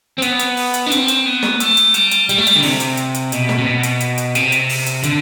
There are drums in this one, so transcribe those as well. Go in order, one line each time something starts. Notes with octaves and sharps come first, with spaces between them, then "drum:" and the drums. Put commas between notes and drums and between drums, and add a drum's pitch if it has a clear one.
C4
B3, drum: hi-hat
drum: hi-hat
drum: open hi-hat
drum: hi-hat
D4
C4, drum: hi-hat
drum: hi-hat
B3
drum: snare
A3, drum: hi-hat
drum: hi-hat
G3, drum: hi-hat
drum: hi-hat
G3, drum: hi-hat
A3
G3, drum: hi-hat
D3
C3, drum: open hi-hat
drum: hi-hat
drum: hi-hat
drum: hi-hat
B2, drum: hi-hat
drum: snare
C3
B2
drum: hi-hat
drum: hi-hat
drum: hi-hat
C3, drum: hi-hat
drum: hi-hat
drum: open hi-hat
drum: hi-hat
D3, drum: hi-hat